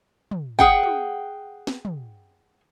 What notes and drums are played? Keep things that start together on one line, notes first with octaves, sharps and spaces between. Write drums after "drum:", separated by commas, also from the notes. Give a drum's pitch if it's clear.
drum: tom
G#4 F#5 G5, drum: kick
drum: tom
drum: snare
drum: tom